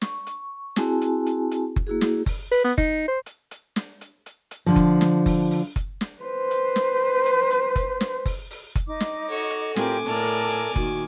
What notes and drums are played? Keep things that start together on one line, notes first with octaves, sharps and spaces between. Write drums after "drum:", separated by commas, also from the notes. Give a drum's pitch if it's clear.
C#6, drum: snare
drum: hi-hat
C4 E4 F#4 G#4 G#5 A5, drum: snare
drum: hi-hat
drum: hi-hat
drum: hi-hat
drum: kick F#1
A#3 E4 F#4 G#4
drum: snare
drum: kick F#1, open hi-hat
B4, drum: open hi-hat
B3
D#4, drum: kick F#1, hi-hat
C5
drum: hi-hat
drum: hi-hat
drum: snare
drum: hi-hat
drum: hi-hat
drum: hi-hat
D3 F3
drum: kick F#1, hi-hat
drum: snare
drum: kick F#1, open hi-hat
drum: open hi-hat
drum: kick F#1, hi-hat
drum: snare
B4 C5
drum: hi-hat
drum: snare
drum: hi-hat
drum: hi-hat
drum: kick F#1, hi-hat
drum: snare
drum: kick F#1, open hi-hat
drum: open hi-hat
drum: kick F#1, hi-hat
D#4 D#5 D6
drum: snare
F#4 A4 C#5
drum: hi-hat
A2 C4 F4 G4 A#4 G#5 D6, drum: snare
A2 A#4 D5 A5 E6
drum: hi-hat
drum: hi-hat
A#2 D#3 F#4, drum: kick F#1, hi-hat